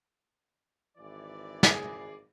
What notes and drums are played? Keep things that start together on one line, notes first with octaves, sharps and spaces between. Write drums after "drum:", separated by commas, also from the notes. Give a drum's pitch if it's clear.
G#1 E3 D5
G#4, drum: snare